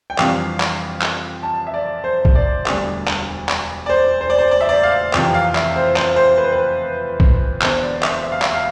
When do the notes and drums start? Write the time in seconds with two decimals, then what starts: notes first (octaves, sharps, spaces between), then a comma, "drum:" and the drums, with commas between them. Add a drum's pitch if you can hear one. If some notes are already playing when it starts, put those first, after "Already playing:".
0.10 G5
0.18 F2 C3 E3 G3 D4 F5, drum: clap
0.60 drum: clap
1.01 drum: clap
1.43 A5
1.67 E5
1.74 D5
2.04 C5
2.25 drum: kick A#1
2.35 D5
2.66 E1 D2 D3 G3 D4, drum: clap
3.08 drum: clap
3.49 drum: clap
3.86 D5
3.89 C5
4.21 C5
4.30 D5
4.38 C5
4.51 D5
4.61 E5
4.69 D5
4.83 F5
5.13 F2 C3 E3 G5, drum: clap
5.34 F5
5.55 E5, drum: clap
5.76 C5
5.96 C5, drum: clap
6.16 C5
6.37 B4
6.44 C5
6.52 B4
7.20 drum: kick A#1
7.61 E1 E2 D3 C5, drum: clap
7.82 D5
8.03 E5, drum: clap
8.23 E5
8.32 F5
8.42 E5, drum: clap
8.54 F5